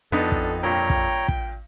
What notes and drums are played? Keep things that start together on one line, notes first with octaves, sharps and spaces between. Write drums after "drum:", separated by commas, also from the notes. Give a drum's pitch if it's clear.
F2 B3 D4 D#4 A4
drum: kick
G2 A#2 C#5 G5 A#5
drum: kick
drum: kick